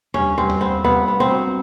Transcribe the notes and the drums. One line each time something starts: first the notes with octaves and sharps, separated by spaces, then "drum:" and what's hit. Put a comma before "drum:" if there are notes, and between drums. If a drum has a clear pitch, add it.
G2 C#4, drum: tom D#2
G2 C4
drum: tom D#2
B3 C4
G2 B3
B3
C4
F#3